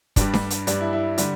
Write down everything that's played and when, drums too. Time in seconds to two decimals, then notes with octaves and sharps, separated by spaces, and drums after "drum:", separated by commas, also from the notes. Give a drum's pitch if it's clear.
0.16 G2 G3 D4, drum: kick, hi-hat
0.34 drum: snare D4
0.50 drum: hi-hat
0.67 G2 G3 D4, drum: hi-hat
0.80 E4
0.93 E4
1.18 D3 G3, drum: hi-hat